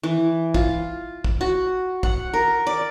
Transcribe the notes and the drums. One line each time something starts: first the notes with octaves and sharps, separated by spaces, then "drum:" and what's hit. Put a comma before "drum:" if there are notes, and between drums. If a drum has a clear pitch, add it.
E3
F4, drum: kick
drum: kick
F#4
F#5, drum: kick
A#4
D5